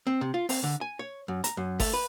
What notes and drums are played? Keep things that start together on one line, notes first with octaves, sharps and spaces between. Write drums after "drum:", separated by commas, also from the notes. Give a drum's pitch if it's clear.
C4
C3
F4
C4, drum: open hi-hat
D3
G#5
C#5
F#2
A#5, drum: hi-hat
F#2
A3, drum: kick G1, open hi-hat
B4